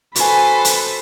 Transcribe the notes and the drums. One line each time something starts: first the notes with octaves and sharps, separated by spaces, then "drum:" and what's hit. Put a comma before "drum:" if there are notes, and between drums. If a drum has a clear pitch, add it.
F#4 A4 B4 C5 G#5 B5, drum: hi-hat
drum: hi-hat